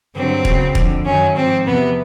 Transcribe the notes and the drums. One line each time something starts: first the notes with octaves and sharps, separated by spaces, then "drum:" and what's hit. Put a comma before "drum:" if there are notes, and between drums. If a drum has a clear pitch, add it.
G2 D3 F#3 C4
E2 C#3 F#3, drum: kick
F2 D3 F3, drum: kick
F#2 D#3 F#3 C#4
G#2 F3 C4
E2 C3 F3 B3